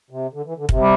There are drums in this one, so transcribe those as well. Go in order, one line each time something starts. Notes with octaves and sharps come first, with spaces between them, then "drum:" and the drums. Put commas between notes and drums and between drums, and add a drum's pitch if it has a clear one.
C3
D3
E3
D3
C3, drum: kick
G3